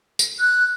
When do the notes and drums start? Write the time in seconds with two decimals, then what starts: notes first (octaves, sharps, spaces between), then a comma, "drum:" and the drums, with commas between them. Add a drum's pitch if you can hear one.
0.19 drum: tambourine
0.40 F#6